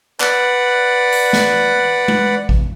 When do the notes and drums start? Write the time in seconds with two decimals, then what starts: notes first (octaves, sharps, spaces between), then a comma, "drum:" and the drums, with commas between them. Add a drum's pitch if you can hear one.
0.20 B4 D5 F#5, drum: clap
1.12 drum: open hi-hat
1.33 drum: snare
2.08 drum: tom G#3
2.49 drum: kick A1